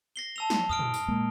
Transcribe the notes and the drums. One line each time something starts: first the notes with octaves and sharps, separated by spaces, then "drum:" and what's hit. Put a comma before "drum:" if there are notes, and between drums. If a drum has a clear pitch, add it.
A#6 C7 G7
A5 E6 F7
drum: snare
G2 D#6 F6 D7
drum: tom
drum: tambourine
A#2 G#3 A#3